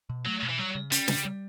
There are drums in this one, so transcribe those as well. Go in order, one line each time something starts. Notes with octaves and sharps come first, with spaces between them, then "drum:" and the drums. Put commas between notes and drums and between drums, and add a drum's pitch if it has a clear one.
B2
F#3 A3
B2
E3
F#3 G3
C#3
G3 C#4, drum: hi-hat
C#3, drum: snare
G3